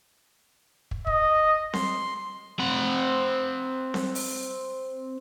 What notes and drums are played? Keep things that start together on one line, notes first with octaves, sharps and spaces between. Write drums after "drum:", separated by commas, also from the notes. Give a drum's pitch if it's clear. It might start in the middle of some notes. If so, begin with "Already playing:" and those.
drum: kick
D#5, drum: kick
C6, drum: snare C4
C4 F#5
drum: snare C4
drum: open hi-hat